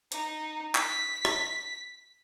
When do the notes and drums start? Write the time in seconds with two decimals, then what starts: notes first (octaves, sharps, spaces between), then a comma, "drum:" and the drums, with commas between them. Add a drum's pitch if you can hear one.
0.12 D#4, drum: hi-hat
0.75 B6, drum: clap
1.25 drum: rim click